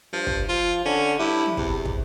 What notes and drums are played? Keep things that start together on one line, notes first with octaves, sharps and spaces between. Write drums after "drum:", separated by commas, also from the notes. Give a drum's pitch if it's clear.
G2 F3
drum: kick
F3 F4
D3 C#4
G2 E4
drum: tom
E2 C3, drum: kick
drum: kick